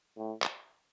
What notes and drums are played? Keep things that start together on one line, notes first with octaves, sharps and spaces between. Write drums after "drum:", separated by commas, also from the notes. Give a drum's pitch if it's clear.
A2
drum: clap